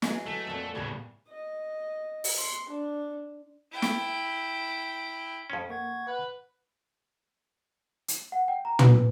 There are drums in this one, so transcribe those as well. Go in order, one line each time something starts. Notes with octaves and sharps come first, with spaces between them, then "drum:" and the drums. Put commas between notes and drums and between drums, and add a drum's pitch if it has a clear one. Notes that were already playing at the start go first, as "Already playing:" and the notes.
E3 F#3 G#3, drum: snare
F#3 A3 A4
F2 A#2
E2 A2 C#3 G3
D#5
drum: open hi-hat
C6
D4
E4 G5
drum: snare
F2 C#4
A#3 F#5 C#6 G#6
B4 F#5
drum: hi-hat
F#5
G5
A#5
B4, drum: tom